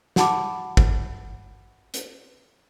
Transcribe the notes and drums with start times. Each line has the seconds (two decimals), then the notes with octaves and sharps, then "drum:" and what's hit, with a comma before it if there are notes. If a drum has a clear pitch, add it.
0.16 F#4 F#5 A5 B5 D6, drum: snare
0.77 drum: kick
1.94 drum: hi-hat